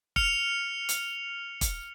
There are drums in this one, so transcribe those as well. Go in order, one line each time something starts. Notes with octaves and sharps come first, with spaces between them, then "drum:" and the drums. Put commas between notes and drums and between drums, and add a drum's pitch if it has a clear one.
F6 C#7 F7, drum: kick
drum: hi-hat
drum: kick, hi-hat